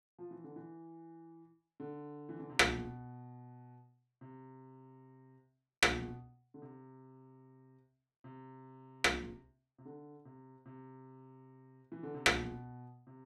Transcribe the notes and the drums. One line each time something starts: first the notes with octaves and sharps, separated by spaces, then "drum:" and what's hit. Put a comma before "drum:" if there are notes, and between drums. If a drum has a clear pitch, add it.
F3
E3
D3
E3
D3
E3
D3
C3
B2, drum: rim click
C3
B2, drum: rim click
D3
C3
C3
drum: rim click
C3
D3
C3
C3
E3
D3
C3
B2, drum: rim click
C3